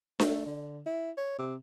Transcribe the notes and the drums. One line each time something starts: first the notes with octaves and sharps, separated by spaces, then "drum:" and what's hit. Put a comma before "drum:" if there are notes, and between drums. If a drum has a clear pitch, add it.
A3, drum: snare D4
D3
E4
C#5
C3